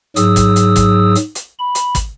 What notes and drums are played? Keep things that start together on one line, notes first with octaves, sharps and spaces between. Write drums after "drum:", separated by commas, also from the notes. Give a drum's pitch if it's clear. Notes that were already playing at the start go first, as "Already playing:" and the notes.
G#2 F#3 G#4 D#6 E6, drum: hi-hat
drum: kick, hi-hat
drum: hi-hat
drum: kick, hi-hat
drum: hi-hat
drum: hi-hat
B5
drum: hi-hat
drum: kick, hi-hat